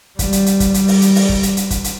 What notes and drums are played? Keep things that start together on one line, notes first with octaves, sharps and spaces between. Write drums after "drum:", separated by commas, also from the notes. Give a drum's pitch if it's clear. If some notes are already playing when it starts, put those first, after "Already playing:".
G3, drum: kick, hi-hat
drum: hi-hat
drum: hi-hat
drum: kick, hi-hat
G3, drum: hi-hat
drum: open hi-hat
drum: hi-hat
drum: open hi-hat
drum: kick
drum: hi-hat
drum: hi-hat
drum: kick, hi-hat
drum: hi-hat